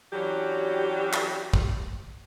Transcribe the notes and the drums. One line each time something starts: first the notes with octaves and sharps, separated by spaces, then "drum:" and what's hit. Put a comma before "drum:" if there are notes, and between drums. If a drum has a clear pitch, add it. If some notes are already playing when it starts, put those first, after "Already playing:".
E3 F#3 C#4 D4 F#4 G4
drum: clap
drum: kick